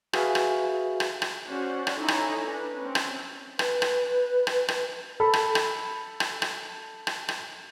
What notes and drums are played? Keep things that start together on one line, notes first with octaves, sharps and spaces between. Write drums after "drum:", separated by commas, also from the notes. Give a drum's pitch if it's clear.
F#4 G#4 B4 E5 F5 G#5, drum: rim click
drum: rim click
drum: rim click
drum: rim click
C#4 F#4 C5 D5 F#5
drum: rim click
D#4 E4 A4 C#5 G#5 A#5
drum: rim click
D4 B4
C4 C#4
drum: rim click
B4, drum: rim click
drum: rim click
drum: rim click
drum: rim click
A4 B5
drum: rim click
drum: rim click
drum: rim click
drum: rim click
drum: rim click
drum: rim click